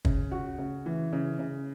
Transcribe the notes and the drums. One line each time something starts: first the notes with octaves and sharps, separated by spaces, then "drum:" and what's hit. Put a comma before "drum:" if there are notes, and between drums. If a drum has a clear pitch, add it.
C#3, drum: kick
F#4
C#3
E3
C#3
C#3